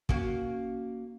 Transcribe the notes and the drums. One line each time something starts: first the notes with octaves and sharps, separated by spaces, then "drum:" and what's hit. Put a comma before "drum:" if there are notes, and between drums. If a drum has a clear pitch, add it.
A#3 C#4 F#4, drum: kick